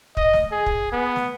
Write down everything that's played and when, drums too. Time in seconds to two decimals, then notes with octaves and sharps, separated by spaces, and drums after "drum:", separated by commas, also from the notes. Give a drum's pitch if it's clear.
0.17 D#5, drum: kick
0.33 drum: snare
0.52 G#4
0.66 drum: kick
0.92 B3
1.16 drum: snare